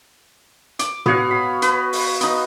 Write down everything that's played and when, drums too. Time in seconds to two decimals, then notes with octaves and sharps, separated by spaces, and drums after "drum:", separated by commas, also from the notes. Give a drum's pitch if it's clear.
0.79 D6, drum: hi-hat
1.06 B3 F#4 C#5 F5, drum: tom
1.31 B5
1.62 B4, drum: hi-hat
1.93 drum: open hi-hat
2.21 B3 D#4, drum: hi-hat